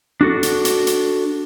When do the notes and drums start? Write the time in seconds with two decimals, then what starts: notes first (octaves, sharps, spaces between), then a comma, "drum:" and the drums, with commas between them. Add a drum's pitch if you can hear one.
0.21 D4 F#4 A4
0.43 drum: hi-hat
0.65 drum: hi-hat
0.87 drum: hi-hat